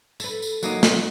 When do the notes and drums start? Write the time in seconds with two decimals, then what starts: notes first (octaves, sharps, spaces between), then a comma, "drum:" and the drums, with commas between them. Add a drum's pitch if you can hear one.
0.20 A4 B4, drum: tambourine
0.42 drum: tambourine
0.63 F#3 A#3 D#4, drum: tambourine
0.83 drum: snare